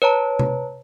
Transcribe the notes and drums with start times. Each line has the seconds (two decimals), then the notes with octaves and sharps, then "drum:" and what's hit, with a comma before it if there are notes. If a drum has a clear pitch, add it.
0.02 B4 C#5 A5 A#5
0.39 drum: tom C3